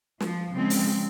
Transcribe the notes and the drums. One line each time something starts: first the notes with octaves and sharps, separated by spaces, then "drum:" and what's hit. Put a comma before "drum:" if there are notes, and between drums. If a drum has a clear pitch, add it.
F3, drum: snare
C#3 F3 G#3 C4
drum: open hi-hat